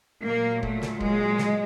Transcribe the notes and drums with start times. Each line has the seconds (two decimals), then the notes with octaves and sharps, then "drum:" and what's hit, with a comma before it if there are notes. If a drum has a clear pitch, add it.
0.24 A#2 F#3 A#3
0.63 A3, drum: kick
0.82 drum: snare
1.00 G#3, drum: kick
1.38 drum: snare